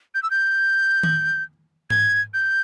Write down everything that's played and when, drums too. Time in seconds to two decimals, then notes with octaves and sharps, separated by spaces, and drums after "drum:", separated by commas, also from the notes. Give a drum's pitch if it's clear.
0.15 G6
0.23 E6
0.31 G6
1.03 drum: tom D#3
1.90 G#6, drum: tom G#2
2.34 G6